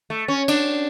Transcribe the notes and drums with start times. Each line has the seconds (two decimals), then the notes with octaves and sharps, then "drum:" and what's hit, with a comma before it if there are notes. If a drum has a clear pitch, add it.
0.10 A3
0.28 C#4
0.48 D4, drum: cymbal